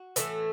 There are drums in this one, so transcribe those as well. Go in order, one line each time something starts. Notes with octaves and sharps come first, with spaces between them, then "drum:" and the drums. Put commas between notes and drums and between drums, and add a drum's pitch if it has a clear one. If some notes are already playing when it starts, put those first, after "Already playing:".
Already playing: F#4
A2 E3 A3, drum: hi-hat